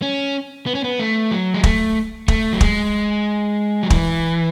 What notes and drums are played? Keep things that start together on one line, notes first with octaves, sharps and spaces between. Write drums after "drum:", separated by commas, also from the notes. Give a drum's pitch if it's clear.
C#4
B3
C#4
B3
A3
F#3
G#3
A3, drum: kick
A3, drum: kick
F#3
G#3, drum: kick
F#3
E3, drum: kick